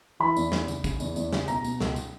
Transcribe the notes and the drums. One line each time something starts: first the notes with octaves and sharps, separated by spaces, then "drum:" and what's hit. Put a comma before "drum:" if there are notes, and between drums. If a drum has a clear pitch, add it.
E3 B5
E2, drum: tambourine
E2, drum: snare
C#3, drum: tambourine
C#3, drum: kick, tambourine
E2, drum: tambourine
E2, drum: tambourine
C#3, drum: snare
B2 A#5, drum: tambourine
B2, drum: tambourine
C#2, drum: snare
drum: tambourine